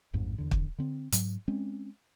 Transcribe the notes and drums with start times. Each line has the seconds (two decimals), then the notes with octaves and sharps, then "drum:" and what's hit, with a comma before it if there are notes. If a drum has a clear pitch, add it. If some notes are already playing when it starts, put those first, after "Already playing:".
0.13 A1 F2 G#2
0.38 E2 D3
0.51 drum: kick
0.78 D3 C4
1.12 G#2 F#3, drum: hi-hat
1.48 G#3 C4 C#4